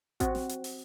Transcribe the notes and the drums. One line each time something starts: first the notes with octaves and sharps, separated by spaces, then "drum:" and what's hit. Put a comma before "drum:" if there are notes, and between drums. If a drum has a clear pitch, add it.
C4 F#4, drum: kick A1, hi-hat
drum: snare
drum: hi-hat
drum: open hi-hat